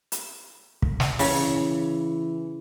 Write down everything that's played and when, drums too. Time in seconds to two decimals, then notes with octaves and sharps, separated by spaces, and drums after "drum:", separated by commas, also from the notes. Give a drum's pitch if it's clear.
0.12 drum: hi-hat
0.82 drum: kick
1.00 drum: snare
1.19 C#3 E3, drum: open hi-hat